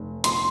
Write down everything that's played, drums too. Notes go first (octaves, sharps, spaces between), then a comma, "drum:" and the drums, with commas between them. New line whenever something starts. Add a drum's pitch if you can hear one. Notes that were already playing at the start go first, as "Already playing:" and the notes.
Already playing: F1
C6, drum: hi-hat